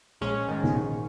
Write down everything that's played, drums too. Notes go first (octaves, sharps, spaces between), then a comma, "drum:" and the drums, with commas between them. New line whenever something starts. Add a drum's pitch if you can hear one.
A#1 G#3 C#4
G#2 D#3
drum: tom C#3
A#1